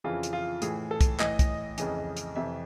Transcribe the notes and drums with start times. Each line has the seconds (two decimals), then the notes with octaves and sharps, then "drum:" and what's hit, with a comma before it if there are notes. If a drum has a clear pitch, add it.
0.04 F2 C#3 E3 F4
0.23 drum: hi-hat
0.33 F4
0.62 A2 E3 G#4, drum: hi-hat
0.91 A4
1.01 drum: kick, hi-hat
1.20 A2 E3 D#5, drum: clap
1.39 drum: kick, hi-hat
1.78 F2 C#3 E3, drum: hi-hat
2.17 drum: hi-hat
2.36 F2 C3 E3 E5